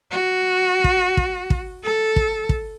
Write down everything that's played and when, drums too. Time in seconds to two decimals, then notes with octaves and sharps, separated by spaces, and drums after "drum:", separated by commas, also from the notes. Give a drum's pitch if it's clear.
0.11 F#4
0.84 drum: kick
1.17 drum: kick
1.50 drum: kick
1.83 A4
2.16 drum: kick
2.49 drum: kick